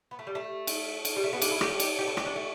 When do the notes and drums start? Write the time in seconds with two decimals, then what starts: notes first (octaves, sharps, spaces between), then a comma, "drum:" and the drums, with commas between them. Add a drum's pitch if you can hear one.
0.11 B3
0.19 A3
0.27 G3
0.35 A3
0.67 drum: cymbal
1.05 drum: cymbal
1.16 G3
1.24 A3
1.33 B3
1.42 D4, drum: cymbal
1.51 E4
1.61 G4, drum: rim click
1.80 drum: cymbal
1.99 G4
2.08 A4
2.17 G4, drum: rim click
2.26 D4
2.36 A3